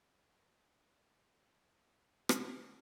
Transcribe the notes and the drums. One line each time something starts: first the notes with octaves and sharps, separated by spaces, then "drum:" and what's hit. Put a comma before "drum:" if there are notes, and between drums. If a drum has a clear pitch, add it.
A#3
C7
drum: rim click